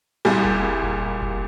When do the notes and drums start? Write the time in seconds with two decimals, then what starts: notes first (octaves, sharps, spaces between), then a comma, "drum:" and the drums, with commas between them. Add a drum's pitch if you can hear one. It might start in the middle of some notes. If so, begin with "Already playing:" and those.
0.25 C2 A#2 G3 G#4
0.45 drum: kick F1
0.83 drum: kick F1
1.22 drum: kick F1